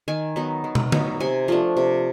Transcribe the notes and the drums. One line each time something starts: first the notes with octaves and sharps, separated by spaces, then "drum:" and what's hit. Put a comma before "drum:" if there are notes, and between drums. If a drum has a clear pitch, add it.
D#3 G#5
F#3 B3 D#4
D#3
drum: tom
F#3 B3 D#4, drum: tom
C3 G#5
F3 A3 D4
C3